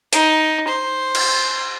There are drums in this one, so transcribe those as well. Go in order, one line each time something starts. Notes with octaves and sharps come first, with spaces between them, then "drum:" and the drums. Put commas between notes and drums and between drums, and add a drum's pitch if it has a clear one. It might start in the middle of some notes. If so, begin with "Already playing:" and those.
D#4, drum: hi-hat
C5
drum: cymbal